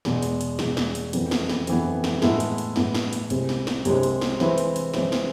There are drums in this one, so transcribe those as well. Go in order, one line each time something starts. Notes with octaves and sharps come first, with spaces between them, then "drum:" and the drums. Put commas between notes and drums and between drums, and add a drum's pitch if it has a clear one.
E2 B2 G#3, drum: snare
drum: hi-hat
drum: hi-hat
E2 B2 G#3, drum: snare
drum: snare
drum: hi-hat
F2 E3 B3, drum: hi-hat
drum: snare
drum: snare
F2 E3 B3, drum: hi-hat
drum: snare
A2 G#3 B3 E4 A4, drum: snare
drum: hi-hat
drum: hi-hat
A2 G#3 B3 E4 A4, drum: snare
drum: snare
drum: hi-hat
C2 C3 G#3 C4, drum: hi-hat
drum: snare
drum: snare
C2 C3 G#3 C4, drum: hi-hat
drum: hi-hat
drum: snare
E3 G#3 C4 E4 B4, drum: snare
drum: hi-hat
drum: hi-hat
E3 G#3 C4 E4 B4, drum: snare
drum: snare